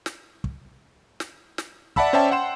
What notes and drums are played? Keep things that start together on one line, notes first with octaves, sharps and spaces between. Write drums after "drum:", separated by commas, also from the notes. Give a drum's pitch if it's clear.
drum: snare
drum: kick
drum: snare
drum: snare
D5 E5 F#5 A5 B5 E6, drum: kick
C#4 C5 D5 E5 G5 A5
F#5 G5 C6 E7